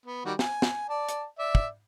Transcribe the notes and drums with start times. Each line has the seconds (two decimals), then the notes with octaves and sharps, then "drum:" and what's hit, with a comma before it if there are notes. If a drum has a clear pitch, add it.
0.06 B3
0.25 D#3 G3 F#4
0.39 G#5, drum: snare
0.62 drum: snare
0.90 D5 A5
1.09 drum: hi-hat
1.39 D5 E5
1.55 drum: kick